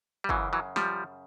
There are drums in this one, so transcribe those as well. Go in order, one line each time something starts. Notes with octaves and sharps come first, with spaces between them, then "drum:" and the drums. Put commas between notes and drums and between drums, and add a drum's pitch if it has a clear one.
G3
F#2 C#3 E3 F#3, drum: kick G1
E3 F#3
F3 G3, drum: snare